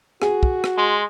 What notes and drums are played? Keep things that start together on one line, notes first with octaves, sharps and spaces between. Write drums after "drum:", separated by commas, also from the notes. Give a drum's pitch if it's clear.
F#4 G#4, drum: rim click
drum: kick
drum: rim click
G#3 C6